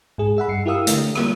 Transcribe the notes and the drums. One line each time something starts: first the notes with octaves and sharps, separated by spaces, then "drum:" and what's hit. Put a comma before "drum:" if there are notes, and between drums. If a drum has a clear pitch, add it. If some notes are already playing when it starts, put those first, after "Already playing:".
G#2 G#4
G#4 E5 F#5 B5
G2 C7 C#7
E4 G4 A#4 F5 D#6 E6
D3 A3, drum: hi-hat
G3 A#3 F4, drum: rim click